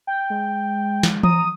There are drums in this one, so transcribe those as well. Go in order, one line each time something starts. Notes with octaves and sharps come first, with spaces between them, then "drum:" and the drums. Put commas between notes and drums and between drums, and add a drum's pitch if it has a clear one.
G5
G#3
drum: snare
A#5 D#6, drum: tom E3